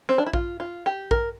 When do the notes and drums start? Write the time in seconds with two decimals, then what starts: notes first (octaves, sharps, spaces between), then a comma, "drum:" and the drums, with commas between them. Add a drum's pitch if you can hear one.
0.09 C4
0.18 D4
0.26 E4
0.33 F4, drum: kick A#1
0.60 F4
0.86 G4
1.11 A#4, drum: kick A#1